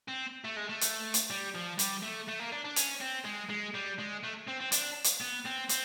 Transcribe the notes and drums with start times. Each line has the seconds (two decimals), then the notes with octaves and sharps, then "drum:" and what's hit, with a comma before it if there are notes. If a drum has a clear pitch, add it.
0.08 C4
0.45 A3
0.57 G#3
0.69 A3
0.81 drum: hi-hat
1.14 drum: hi-hat
1.30 G3
1.55 F3
1.79 G3, drum: hi-hat
2.03 A3
2.28 A3
2.40 A#3
2.52 D4
2.65 D4
2.76 C#4, drum: hi-hat
3.01 C4
3.25 G#3
3.49 G#3
3.74 G3
3.99 G#3
4.23 A3
4.47 C4
4.60 C4
4.72 D4, drum: hi-hat
5.04 drum: hi-hat
5.21 B3
5.45 C4
5.69 C4, drum: hi-hat